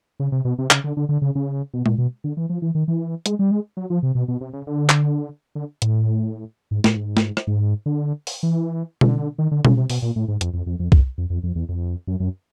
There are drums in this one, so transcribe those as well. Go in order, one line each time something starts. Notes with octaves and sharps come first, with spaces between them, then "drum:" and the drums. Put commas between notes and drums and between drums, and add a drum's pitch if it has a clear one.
C#3
C3
B2
C3
C#3, drum: clap
D3
D3
D3
C#3
C#3
B2
A#2, drum: tom G#3
B2
D3
E3
F3
E3
D#3
E3
G#3, drum: hi-hat
G3
G#3
F#3
F3
C3
B2
B2
C3
C#3
D3
drum: clap
D3
A2, drum: hi-hat
G#2
A2, drum: snare
G#2
drum: snare
drum: rim click
G#2
D3
drum: open hi-hat
E3
D3, drum: tom B2
D#3
D3
C#3, drum: tom B2
C3
B2, drum: open hi-hat
A#2
A2
G#2
F2, drum: hi-hat
F2
F2
F2
F#2, drum: kick
F2
F2
F2
E2
F2
F#2
F#2